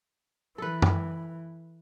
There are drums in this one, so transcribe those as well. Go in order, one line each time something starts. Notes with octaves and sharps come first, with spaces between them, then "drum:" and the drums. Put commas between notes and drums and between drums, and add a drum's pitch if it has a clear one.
E3 A4 B4
drum: tom F#2